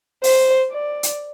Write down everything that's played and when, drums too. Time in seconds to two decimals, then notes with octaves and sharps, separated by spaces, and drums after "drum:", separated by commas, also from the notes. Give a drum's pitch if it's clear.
0.24 C5, drum: open hi-hat
0.71 D5
1.03 drum: hi-hat